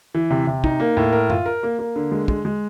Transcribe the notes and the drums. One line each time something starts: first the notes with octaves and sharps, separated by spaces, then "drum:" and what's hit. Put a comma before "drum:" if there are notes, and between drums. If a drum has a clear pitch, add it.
E3
C3
C3
D#4, drum: kick
A#3
A2
A#4
F4, drum: tom F#2
A#4
A#3
A#3
D3
G#3
G#3, drum: kick
G#3